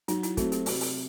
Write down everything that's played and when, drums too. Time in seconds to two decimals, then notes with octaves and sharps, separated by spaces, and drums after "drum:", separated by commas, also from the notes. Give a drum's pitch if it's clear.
0.08 F#3 D#4, drum: hi-hat
0.23 E4, drum: hi-hat
0.37 A3 C4 F#4, drum: kick, hi-hat
0.52 G4, drum: hi-hat
0.66 C3 F#4, drum: open hi-hat
0.80 drum: open hi-hat